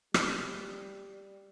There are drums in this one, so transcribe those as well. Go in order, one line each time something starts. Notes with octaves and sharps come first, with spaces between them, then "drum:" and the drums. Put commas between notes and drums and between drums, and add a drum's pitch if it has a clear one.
G3, drum: rim click